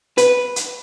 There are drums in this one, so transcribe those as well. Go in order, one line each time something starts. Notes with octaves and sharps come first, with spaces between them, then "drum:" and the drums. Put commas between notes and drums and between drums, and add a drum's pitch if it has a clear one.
B4, drum: hi-hat
drum: hi-hat